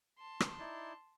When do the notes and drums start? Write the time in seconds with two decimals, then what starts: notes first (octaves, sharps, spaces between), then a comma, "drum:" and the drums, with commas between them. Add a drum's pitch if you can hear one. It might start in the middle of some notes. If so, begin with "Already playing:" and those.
0.18 A5 C6
0.40 drum: rim click
0.59 D#4 E4 D5